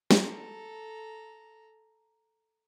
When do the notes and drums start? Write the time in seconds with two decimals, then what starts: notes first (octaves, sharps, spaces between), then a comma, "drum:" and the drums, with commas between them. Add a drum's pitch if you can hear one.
0.11 A4 A#5, drum: snare